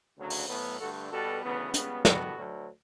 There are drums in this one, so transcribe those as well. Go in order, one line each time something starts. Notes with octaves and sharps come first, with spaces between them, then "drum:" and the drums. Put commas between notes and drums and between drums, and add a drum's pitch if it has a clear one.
D2 C#3 F#3
drum: open hi-hat
A2 F#3 B3
G2 D3 A3 F#4 A4
B2 G3 B3 F#4 A4
D2 C#3 E3 B3
C#2 C#3 G3 B3, drum: hi-hat
G2 E3 G3 B3 F#4 A4, drum: snare
D2 D3 F#3